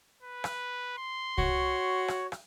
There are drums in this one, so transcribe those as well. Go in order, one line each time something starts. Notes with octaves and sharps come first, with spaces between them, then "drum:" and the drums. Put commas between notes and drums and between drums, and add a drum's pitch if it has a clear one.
B4
drum: rim click
C6
F#4 C#5, drum: kick C2
drum: rim click
drum: rim click